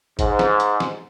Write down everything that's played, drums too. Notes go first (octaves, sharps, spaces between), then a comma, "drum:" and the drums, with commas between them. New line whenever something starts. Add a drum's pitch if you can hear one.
G#2, drum: kick G#1, hi-hat
drum: snare
drum: hi-hat
drum: snare